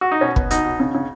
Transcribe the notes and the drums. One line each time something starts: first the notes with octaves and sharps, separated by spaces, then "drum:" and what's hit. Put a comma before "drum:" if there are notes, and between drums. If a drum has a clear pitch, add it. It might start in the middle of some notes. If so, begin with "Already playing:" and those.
F#4
D#4
B2 C#4
B3, drum: kick
B2 D#4, drum: hi-hat
B2
C#3
C#3